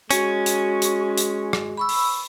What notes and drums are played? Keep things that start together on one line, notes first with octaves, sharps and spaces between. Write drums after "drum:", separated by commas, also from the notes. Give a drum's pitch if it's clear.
G#3 C#4 F#4, drum: hi-hat
drum: hi-hat
drum: hi-hat
drum: hi-hat
drum: rim click
B5 C#6 E6
drum: open hi-hat